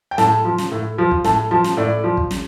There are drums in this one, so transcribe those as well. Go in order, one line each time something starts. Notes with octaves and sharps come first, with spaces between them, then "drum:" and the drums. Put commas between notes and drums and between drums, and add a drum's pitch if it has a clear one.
G5
A2 A5, drum: snare
F3
drum: snare
A2
F3
drum: kick
A2 A5, drum: snare
F3 A5
drum: snare
A2 D5
F3
drum: kick
drum: snare